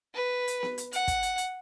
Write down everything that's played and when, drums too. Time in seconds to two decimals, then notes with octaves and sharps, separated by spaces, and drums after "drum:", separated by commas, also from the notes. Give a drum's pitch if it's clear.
0.14 B4
0.48 drum: hi-hat
0.63 drum: snare B3
0.78 drum: hi-hat
0.93 F#5, drum: hi-hat
1.08 drum: kick, hi-hat
1.23 drum: hi-hat
1.38 drum: hi-hat